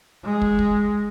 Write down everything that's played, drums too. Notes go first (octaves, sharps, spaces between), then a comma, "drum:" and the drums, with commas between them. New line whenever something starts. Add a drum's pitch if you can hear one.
G#3
drum: kick
drum: kick